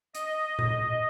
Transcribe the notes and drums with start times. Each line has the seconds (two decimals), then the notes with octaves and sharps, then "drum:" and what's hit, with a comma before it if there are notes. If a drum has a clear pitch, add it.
0.15 D#5, drum: hi-hat
0.59 drum: tom A#2